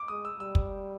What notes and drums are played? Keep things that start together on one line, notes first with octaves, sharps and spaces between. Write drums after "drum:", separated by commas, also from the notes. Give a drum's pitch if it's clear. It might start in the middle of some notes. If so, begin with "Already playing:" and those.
Already playing: D6
G#3 D#6
E6
G3 E6
drum: kick